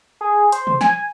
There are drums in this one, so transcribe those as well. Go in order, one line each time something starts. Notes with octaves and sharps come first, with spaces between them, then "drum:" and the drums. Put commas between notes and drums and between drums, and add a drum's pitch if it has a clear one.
G#4
C5, drum: hi-hat
drum: tom
G#5, drum: snare